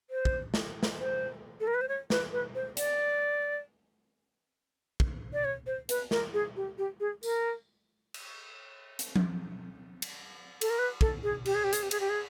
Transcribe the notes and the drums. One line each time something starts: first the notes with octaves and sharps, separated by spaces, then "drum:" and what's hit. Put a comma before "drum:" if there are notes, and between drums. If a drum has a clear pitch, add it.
C5
drum: kick
drum: snare
drum: snare
C5
A4
A#4
B4
C5
C#5
B4, drum: snare
B4
C5
D5, drum: hi-hat
drum: kick
D5
C#5
C5
B4, drum: hi-hat
A#4, drum: snare
G#4
G4
G4
G#4
A#4, drum: tambourine
drum: cymbal
drum: hi-hat
drum: tom F3
drum: cymbal
A4, drum: cymbal
A#4
B4
A4, drum: kick
G#4
G4, drum: cymbal
G#4
G4
G#4, drum: hi-hat
G4
G#4, drum: cymbal
G4
G#4